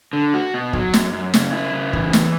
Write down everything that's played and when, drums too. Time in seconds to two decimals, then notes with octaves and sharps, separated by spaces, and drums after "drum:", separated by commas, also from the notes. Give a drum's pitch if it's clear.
0.13 D3
0.34 F#4
0.54 B2
0.73 F#3, drum: kick
0.94 F#2, drum: snare
1.13 F#2
1.34 C#3, drum: snare
1.53 E4
1.73 C#3
1.93 E3, drum: kick
2.13 E2, drum: snare